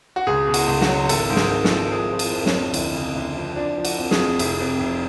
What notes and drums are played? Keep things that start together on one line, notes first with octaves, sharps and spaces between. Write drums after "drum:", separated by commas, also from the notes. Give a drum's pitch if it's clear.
F#4
C#2 G#4
B2
F#4, drum: cymbal
C#2
F#4, drum: snare
F#3
G#1 A4, drum: cymbal
G#2
G#4, drum: snare
G#1
A4, drum: snare
F3
F3 G#4
F3
F4, drum: cymbal
F2
C#4, drum: snare
F2
D2, drum: cymbal
C#3
D2
F3
F3 D4
F3
F#4, drum: cymbal
F2
G#4, drum: snare
F2
F1, drum: cymbal
F2
F1